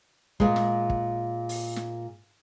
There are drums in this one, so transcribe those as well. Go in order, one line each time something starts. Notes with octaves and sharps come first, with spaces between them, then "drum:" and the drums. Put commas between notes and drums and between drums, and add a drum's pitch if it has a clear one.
A#2 G#3, drum: kick
drum: snare
drum: kick
drum: open hi-hat
drum: snare